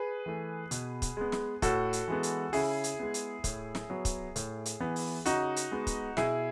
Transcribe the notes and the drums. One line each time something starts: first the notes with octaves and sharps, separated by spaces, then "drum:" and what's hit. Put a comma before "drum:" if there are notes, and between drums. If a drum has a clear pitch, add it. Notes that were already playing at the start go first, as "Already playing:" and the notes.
Already playing: G#4 B4
E3 A3
B2, drum: hi-hat
drum: kick, hi-hat
G#3 B3
drum: snare
A2 F#4 A4, drum: kick, hi-hat
drum: hi-hat
E3 G#3 B3
drum: hi-hat
C#3 E4 G#4, drum: open hi-hat
drum: hi-hat
G#3 B3
drum: hi-hat
A2, drum: kick, hi-hat
drum: snare
F#3 B3
drum: kick, hi-hat
A2, drum: hi-hat
drum: hi-hat
E3 B3
drum: open hi-hat
C#3 D#4 F#4, drum: hi-hat
drum: hi-hat
G#3 B3
drum: kick, hi-hat
B2 E4 G#4, drum: snare